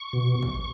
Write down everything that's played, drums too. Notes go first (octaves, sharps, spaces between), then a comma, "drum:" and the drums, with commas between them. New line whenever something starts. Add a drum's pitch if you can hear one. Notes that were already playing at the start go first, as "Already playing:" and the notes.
Already playing: C#6
B2
drum: kick